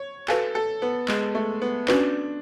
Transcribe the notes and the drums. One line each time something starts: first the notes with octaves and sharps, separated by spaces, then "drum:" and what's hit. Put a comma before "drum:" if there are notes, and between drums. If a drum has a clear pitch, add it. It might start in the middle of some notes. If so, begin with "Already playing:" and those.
Already playing: C#5
F#4 A4 B4 F5 G#5, drum: clap
A4
B3
G#3, drum: clap
A3
B3
C#4 D4 F#4 B4, drum: clap